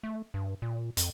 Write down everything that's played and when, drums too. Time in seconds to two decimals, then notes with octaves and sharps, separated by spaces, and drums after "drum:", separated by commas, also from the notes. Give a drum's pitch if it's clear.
0.03 A3
0.34 G2
0.62 A#2
0.97 F2, drum: hi-hat